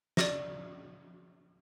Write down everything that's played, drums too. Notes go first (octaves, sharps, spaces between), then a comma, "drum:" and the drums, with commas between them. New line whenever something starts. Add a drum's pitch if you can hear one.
D5 A#6, drum: snare